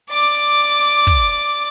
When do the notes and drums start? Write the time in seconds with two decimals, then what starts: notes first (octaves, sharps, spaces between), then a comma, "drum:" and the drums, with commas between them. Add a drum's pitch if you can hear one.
0.11 D5 D6
0.35 drum: open hi-hat
0.83 drum: hi-hat
1.07 drum: kick